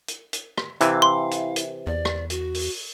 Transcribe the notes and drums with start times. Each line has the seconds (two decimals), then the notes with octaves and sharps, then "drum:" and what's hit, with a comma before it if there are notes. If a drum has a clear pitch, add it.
0.08 drum: hi-hat
0.33 drum: hi-hat
0.58 drum: rim click
0.81 C3 E3 E4 F5, drum: hi-hat
1.02 C6
1.31 drum: hi-hat
1.56 drum: hi-hat
1.87 E2 D5
2.05 drum: rim click
2.30 F#4, drum: hi-hat
2.54 drum: open hi-hat